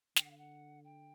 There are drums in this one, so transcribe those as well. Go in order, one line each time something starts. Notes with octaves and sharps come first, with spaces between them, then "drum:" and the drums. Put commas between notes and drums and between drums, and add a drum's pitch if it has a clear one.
D3 G5, drum: snare
F#5
F5
F#5
G5